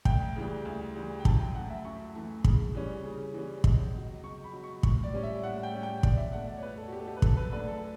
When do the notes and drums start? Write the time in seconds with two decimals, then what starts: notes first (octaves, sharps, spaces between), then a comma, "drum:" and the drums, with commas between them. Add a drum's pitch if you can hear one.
0.05 D2 G5, drum: kick
0.36 C#3 E3 G3
0.65 D2
0.95 C#3 E3 G3
1.20 G5
1.25 F#2 A5, drum: kick
1.40 G5
1.55 E3 A3 F#5
1.70 E5
1.85 F#2 C#6
2.15 E3 A3
2.44 C#3, drum: kick
2.74 E3 G3 C#4
3.04 C#3
3.34 E3 G3 C#4
3.64 C#2, drum: kick
3.94 B2 F#3
4.24 C#2 C#6
4.44 B5
4.53 B2 F#3
4.64 C#6
4.83 A2 C#6, drum: kick
5.04 D5
5.13 G3 C#4
5.23 E5
5.43 A2 F#5
5.63 G5
5.73 G3 C#4
5.83 G5
6.03 E2 D5, drum: kick
6.17 E5
6.32 B2 A3 D4 F#5
6.47 D5
6.56 C#5
6.63 E2 B4
6.78 A4
6.88 F#4
6.93 B2 A3 D4 G4
7.00 A4
7.07 G4
7.17 B4
7.22 F#2 A4, drum: kick
7.37 B4
7.52 D3 A3 D4 B4
7.68 A4